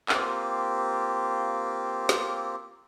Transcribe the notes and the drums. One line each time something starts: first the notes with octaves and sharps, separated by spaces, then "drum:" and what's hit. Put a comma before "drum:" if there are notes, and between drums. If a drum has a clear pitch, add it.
A#3 C4 F4 G4, drum: clap
drum: snare